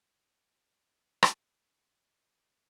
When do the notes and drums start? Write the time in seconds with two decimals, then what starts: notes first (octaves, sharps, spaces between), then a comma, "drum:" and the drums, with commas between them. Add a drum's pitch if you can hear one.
0.24 D#5 E5
1.23 drum: rim click